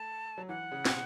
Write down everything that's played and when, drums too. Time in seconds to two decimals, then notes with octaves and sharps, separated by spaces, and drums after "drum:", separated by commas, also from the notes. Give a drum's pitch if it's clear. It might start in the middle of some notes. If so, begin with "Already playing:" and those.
Already playing: A3 A5
0.38 F#3
0.49 E3 F#5
0.72 C#3
0.85 B2, drum: snare